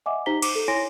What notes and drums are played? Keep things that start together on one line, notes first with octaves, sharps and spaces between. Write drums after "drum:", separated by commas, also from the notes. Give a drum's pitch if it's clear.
D#5 E5 F#5 G#5 D6
D#4 G4 C5 A#5 B6 G7
D6, drum: cymbal
A4
E4 C#5 G#5 C6 A#6 D7